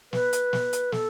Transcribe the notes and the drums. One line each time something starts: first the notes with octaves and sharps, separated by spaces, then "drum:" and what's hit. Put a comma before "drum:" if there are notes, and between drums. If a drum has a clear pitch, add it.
B4, drum: snare
drum: hi-hat
drum: snare
drum: hi-hat
A4, drum: snare